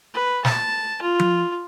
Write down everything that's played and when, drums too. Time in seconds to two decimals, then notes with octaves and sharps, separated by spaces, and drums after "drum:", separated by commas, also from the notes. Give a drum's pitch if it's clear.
0.14 B4
0.45 A5, drum: snare
1.02 F4
1.19 drum: tom F3